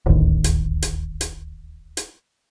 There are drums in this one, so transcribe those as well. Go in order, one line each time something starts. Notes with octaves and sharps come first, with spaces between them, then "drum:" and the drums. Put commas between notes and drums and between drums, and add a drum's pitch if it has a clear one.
D1 A1 D#2
drum: hi-hat
drum: hi-hat
drum: hi-hat
drum: hi-hat